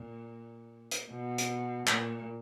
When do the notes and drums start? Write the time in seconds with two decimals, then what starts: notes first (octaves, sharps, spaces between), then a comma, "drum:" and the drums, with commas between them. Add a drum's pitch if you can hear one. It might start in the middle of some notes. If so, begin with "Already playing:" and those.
Already playing: A#2
0.91 drum: hi-hat
1.10 B2
1.38 drum: hi-hat
1.87 A#2, drum: clap